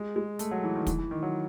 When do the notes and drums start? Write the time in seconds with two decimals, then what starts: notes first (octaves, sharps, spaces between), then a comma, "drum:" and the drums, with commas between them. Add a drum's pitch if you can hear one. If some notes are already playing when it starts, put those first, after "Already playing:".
Already playing: G#3
0.16 G#3
0.39 A3, drum: hi-hat
0.51 F#3
0.64 E3
0.75 D#3
0.87 E3, drum: kick, hi-hat
0.98 E3
1.11 D#3
1.22 F#3